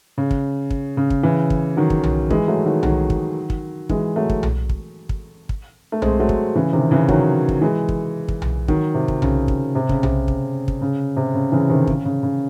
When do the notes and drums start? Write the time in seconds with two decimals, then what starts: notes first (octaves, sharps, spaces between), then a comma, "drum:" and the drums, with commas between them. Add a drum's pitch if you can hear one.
0.18 C#3
0.31 drum: kick
0.71 drum: kick
0.97 C#3
1.10 drum: kick
1.23 C#3 E3
1.50 drum: kick
1.77 D#3 F#3
1.90 drum: kick
2.04 drum: tom B1
2.30 E3 G#3, drum: kick
2.48 F#3 A3
2.66 D#3 F#3
2.83 D#3 F#3, drum: tom B1
3.10 drum: kick
3.50 drum: kick
3.89 E3 G#3, drum: kick
4.16 F#3 A3
4.30 drum: kick
4.43 drum: tom B1
4.69 drum: kick
5.09 drum: kick
5.49 drum: kick
5.92 A3
6.02 G#3 C4, drum: tom B1
6.20 F#3 A3
6.29 drum: kick
6.55 C#3 E3
6.73 C3 D#3
6.91 C#3 E3
7.09 D#3 F#3, drum: kick
7.49 drum: kick
7.62 E3 G#3
7.89 drum: kick
8.29 drum: kick
8.42 drum: tom B1
8.68 D#3 F#3, drum: kick
8.94 C3
9.08 drum: kick
9.22 C#3, drum: tom B1
9.48 drum: kick
9.75 C3
9.89 C#3, drum: kick
10.03 C3, drum: tom B1
10.28 drum: kick
10.68 drum: kick
10.82 C#3
11.17 C3
11.35 C#3
11.52 C#3 E3
11.69 C3 D#3
11.87 C#3, drum: kick
12.05 C#3
12.23 C#3